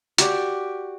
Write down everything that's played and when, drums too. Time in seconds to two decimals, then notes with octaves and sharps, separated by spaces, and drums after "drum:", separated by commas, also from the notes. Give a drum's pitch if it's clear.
0.18 F#4 G4 D5 G5, drum: hi-hat